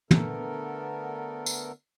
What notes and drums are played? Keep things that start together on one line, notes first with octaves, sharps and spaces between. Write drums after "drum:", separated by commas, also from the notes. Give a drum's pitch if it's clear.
D3 A3 B3 A4 A#4, drum: tom
drum: tambourine